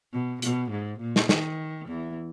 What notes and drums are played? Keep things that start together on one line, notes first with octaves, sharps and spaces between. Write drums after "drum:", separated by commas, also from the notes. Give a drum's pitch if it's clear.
B2
B2, drum: hi-hat
G#2
A#2
drum: snare
D#3, drum: snare
E2 E3